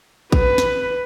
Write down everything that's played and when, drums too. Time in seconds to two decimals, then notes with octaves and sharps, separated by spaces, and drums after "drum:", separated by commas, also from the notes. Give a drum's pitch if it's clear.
0.32 B4, drum: kick A1
0.58 drum: snare